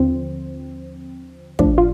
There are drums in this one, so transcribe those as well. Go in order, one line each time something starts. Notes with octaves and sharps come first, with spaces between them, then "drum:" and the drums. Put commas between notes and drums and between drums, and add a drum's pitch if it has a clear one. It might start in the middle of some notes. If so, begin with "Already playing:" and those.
Already playing: D#2 D3 F3 C4
A2 F3 D4, drum: kick
F4